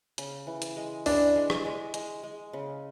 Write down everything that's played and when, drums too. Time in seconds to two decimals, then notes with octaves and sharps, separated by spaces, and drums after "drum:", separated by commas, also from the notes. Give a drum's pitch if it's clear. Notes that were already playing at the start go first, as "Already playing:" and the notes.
0.18 C#3, drum: hi-hat
0.47 E3
0.62 drum: hi-hat
0.76 G#3
1.06 E3 D4, drum: open hi-hat
1.36 G#3
1.50 drum: rim click
1.65 G#3
1.94 G#3, drum: hi-hat
2.23 G#3
2.53 C#3